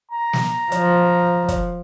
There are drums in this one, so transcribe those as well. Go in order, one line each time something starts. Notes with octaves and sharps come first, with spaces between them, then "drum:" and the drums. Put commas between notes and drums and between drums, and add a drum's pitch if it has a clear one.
A#5
drum: snare
F3, drum: hi-hat
drum: kick, hi-hat